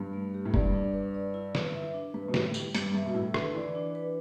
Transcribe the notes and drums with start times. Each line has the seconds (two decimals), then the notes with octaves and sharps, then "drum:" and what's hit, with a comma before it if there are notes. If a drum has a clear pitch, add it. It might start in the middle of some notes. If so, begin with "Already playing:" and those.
Already playing: G2
0.13 A3
0.34 G4
0.45 A2
0.54 G2 D5, drum: kick
0.73 D4
0.94 B4
1.15 D5
1.34 E4
1.55 B4, drum: snare
1.74 E5
1.94 D4
2.14 G2 B4
2.28 B2
2.34 A2 G4, drum: snare
2.54 G3, drum: tambourine
2.75 G2 D4, drum: hi-hat
2.94 G2 E5
3.06 B2
3.14 A2 E4
3.34 D3 B4, drum: rim click
3.55 E3 D5
3.75 D4
3.95 B4